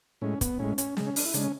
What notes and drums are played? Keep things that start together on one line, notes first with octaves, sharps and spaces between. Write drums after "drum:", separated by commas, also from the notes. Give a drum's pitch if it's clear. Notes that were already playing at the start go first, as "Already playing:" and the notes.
A2 G#3 C#4
B3, drum: kick, hi-hat
A2 G#3 C#4
C#4, drum: hi-hat
C#3 G#3, drum: snare
C#4
D4, drum: open hi-hat
E4
C#3 G#3 D4, drum: hi-hat
C#4